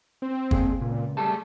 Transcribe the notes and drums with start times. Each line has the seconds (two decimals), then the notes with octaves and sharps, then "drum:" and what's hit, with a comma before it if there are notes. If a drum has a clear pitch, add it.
0.22 C4
0.51 A#3 G#4, drum: kick
0.81 C#2 A#2
1.17 G3 A3 G#4 A5